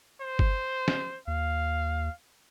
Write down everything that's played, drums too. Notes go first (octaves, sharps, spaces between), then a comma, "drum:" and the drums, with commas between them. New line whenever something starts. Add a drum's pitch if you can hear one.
C5
drum: kick G1
drum: snare
D#2 F5